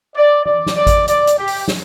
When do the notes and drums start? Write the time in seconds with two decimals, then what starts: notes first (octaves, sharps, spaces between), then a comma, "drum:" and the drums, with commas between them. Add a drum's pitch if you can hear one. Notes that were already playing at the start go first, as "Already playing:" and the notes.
0.16 D5
0.46 D5, drum: tom E3
0.66 drum: snare
0.76 D5
0.87 drum: kick G#1, hi-hat
1.08 D5, drum: hi-hat
1.27 drum: hi-hat
1.38 G4
1.47 drum: open hi-hat
1.68 drum: snare